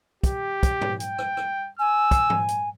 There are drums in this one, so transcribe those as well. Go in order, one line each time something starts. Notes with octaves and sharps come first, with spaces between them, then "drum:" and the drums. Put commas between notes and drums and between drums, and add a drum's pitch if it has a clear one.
G4, drum: kick, hi-hat
drum: kick, hi-hat
drum: tom G#2
G5, drum: hi-hat
drum: rim click
drum: rim click
G#5 E6
drum: kick, hi-hat
drum: tom G#2
drum: hi-hat